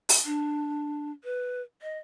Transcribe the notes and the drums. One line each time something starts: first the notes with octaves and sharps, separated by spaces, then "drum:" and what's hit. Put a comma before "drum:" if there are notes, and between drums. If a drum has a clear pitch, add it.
drum: open hi-hat
D4
B4
D#5